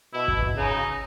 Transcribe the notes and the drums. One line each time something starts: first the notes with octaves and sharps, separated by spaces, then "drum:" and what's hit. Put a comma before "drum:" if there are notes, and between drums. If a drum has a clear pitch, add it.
B2 E4
drum: kick
drum: kick
C#3 D#4